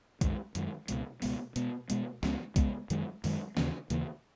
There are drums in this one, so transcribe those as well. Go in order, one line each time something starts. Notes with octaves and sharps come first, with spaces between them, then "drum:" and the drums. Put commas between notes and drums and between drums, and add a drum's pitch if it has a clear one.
F#2 D#3 G#3, drum: kick B1, hi-hat
F#2 D#3 G#3, drum: hi-hat
C#2 B2 G#3 B3, drum: hi-hat
C#2 B2 G#3 B3, drum: open hi-hat
B2 G#3 B3, drum: hi-hat
B2 G#3 B3, drum: hi-hat
C#2 C#3 G#3 B3, drum: snare
C#2 C#3 G#3 B3, drum: kick B1, hi-hat
F#2 D#3 G#3, drum: hi-hat
F#2 D#3 G#3, drum: open hi-hat
D#2 C#3 E3 A#3, drum: snare
D#2 C#3 E3 A#3, drum: hi-hat